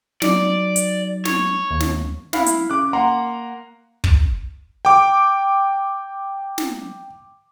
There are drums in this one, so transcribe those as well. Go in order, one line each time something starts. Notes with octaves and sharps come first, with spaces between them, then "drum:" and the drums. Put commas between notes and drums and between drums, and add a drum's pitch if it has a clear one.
F#3 D#4 D5, drum: snare
drum: hi-hat
C#5, drum: snare
D#2
drum: snare
E4 F5 B5, drum: snare
drum: hi-hat
C#3 D6 F#6
A#3 F#5 A#5 C6
drum: kick
G5 D6
drum: snare